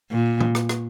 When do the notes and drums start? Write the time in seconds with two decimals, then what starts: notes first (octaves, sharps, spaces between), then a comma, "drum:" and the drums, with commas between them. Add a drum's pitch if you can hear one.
0.12 A#2
0.40 drum: tom A#2
0.55 drum: rim click
0.69 drum: rim click